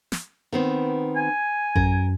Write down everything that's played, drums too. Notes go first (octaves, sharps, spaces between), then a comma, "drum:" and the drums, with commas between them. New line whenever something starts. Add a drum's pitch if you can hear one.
drum: snare
D#3 B3 C4
G#5
F#2 A#4, drum: kick A1